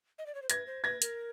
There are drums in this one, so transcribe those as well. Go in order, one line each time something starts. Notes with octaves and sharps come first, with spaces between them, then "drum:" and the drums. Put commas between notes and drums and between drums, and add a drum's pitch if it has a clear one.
D#5
D5
C#5
C5
B4 G#6 A#6, drum: hi-hat
C5
B4 G#6 A#6
A#4, drum: hi-hat